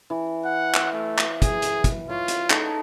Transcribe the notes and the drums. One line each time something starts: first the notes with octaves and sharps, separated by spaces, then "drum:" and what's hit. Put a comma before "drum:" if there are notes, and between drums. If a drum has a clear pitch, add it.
E3
F#5
drum: clap
A3
drum: clap
G#4, drum: kick, hi-hat
drum: hi-hat
drum: kick, hi-hat
F4 C#5
drum: hi-hat
D#4 A4, drum: clap